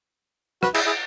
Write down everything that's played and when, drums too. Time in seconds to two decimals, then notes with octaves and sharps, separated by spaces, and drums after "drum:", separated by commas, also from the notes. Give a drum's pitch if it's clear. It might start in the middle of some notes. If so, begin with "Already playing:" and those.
0.63 F#4 B4, drum: rim click
0.74 E4 G#4, drum: cymbal
0.86 E4 G#4